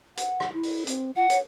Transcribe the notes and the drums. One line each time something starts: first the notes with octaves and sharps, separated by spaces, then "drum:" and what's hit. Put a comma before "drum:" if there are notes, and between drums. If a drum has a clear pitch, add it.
F#5, drum: hi-hat
drum: rim click
E4
drum: open hi-hat
C4, drum: hi-hat
F4 F#5
C#5, drum: hi-hat